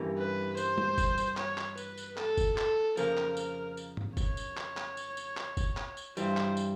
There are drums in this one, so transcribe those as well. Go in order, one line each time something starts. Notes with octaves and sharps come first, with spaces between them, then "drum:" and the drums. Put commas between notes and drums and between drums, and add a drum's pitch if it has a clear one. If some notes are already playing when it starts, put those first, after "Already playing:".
Already playing: G2 E3 G3 A#3 C#4
B4
C5, drum: tambourine
drum: tom G3
drum: kick, tambourine
drum: tambourine
C#5, drum: clap
drum: clap
B4, drum: tambourine
drum: tambourine
A4, drum: clap
drum: kick, tambourine
A4, drum: clap
F2 C#3 F3 A#3 A#4, drum: tambourine
drum: clap
A#4, drum: tambourine
drum: tambourine
drum: tom
C#5, drum: kick, tambourine
drum: tambourine
drum: clap
drum: clap
drum: tambourine
drum: tambourine
drum: clap
drum: kick, tambourine
drum: clap
drum: tambourine
G2 E3 G3 C5, drum: tambourine
drum: clap
drum: tambourine